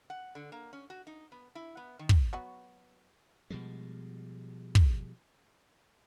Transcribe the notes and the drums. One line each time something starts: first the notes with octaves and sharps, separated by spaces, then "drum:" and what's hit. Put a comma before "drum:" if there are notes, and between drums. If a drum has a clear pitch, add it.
F#5
D3
A#3
C#4
F#4
D#4
B3
E4
B3
D#3
drum: kick
F#3 B3 F#4
B2 F3 G3 G#3
drum: kick